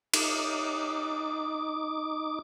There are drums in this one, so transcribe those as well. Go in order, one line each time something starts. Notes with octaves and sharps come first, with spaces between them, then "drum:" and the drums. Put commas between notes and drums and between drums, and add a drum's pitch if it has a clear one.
D#4 D6, drum: cymbal